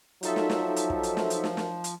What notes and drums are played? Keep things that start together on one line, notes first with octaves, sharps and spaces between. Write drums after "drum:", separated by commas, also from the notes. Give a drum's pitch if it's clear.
F3 F#3 D#4 A4 E5, drum: hi-hat
drum: snare
drum: snare
drum: hi-hat
drum: kick
drum: hi-hat
drum: snare
drum: hi-hat
drum: snare
drum: snare
drum: hi-hat